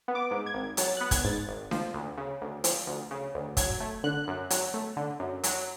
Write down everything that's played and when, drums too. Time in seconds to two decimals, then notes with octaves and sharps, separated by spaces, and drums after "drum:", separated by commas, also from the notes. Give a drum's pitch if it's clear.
0.08 B3
0.15 D6
0.31 G#2
0.46 G#6
0.54 G#1
0.77 F#3 A6, drum: hi-hat
0.97 B3 F#6
1.11 G#6, drum: kick, hi-hat
1.24 G#2 A6
1.47 G#1
1.71 F3, drum: snare D4
1.94 D2
2.17 C#3
2.41 D2
2.64 F3, drum: hi-hat
2.87 D2
3.11 C#3
3.35 D2
3.57 F#3 G#6, drum: kick, hi-hat
3.80 A3
4.04 D3 F#6
4.28 F#2
4.50 F#3, drum: hi-hat
4.74 A3
4.97 D3
5.20 F#2
5.44 F#3, drum: hi-hat